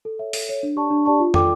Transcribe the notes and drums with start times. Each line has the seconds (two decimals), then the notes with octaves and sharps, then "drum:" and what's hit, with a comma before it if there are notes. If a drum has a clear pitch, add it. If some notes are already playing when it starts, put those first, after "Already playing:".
0.05 A4
0.19 C#5 E5
0.33 A4, drum: open hi-hat
0.49 C#5 E5
0.63 D4
0.76 G4 D5 A5 C#6
0.91 D4
1.05 G4 D5 A5 C#6
1.20 F4
1.34 A4 D5 G5 D6, drum: tom